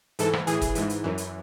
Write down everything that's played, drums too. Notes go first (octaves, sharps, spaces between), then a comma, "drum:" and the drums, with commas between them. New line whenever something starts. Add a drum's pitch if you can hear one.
G#2 E3 A4, drum: hi-hat
drum: rim click
A2 E3 G#4, drum: hi-hat
drum: kick, hi-hat
G#2 E3, drum: hi-hat
drum: hi-hat
F#2 E3
drum: hi-hat